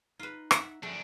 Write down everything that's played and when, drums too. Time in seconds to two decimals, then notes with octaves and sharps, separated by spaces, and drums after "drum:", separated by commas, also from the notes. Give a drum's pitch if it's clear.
0.19 D#4 F4 B4
0.51 E5 F#5, drum: rim click
0.83 F#2 D3 F3 A3 D4 G5